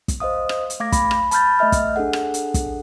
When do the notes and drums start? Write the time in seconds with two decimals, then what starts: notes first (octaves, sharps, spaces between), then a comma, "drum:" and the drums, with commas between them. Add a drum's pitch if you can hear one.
0.08 drum: kick, hi-hat
0.20 C5 D#5 F5 D#6
0.49 drum: rim click
0.70 drum: hi-hat
0.80 A3 F5 D6 G#6 A#6
0.92 B5, drum: kick, hi-hat
1.11 drum: rim click
1.31 A5 B5 F6 G6 A6, drum: hi-hat
1.59 A3 D#5 E5 F6
1.72 drum: kick, hi-hat
1.96 D4 G#4 A4 F#5
2.13 drum: rim click
2.34 drum: hi-hat
2.54 drum: kick, hi-hat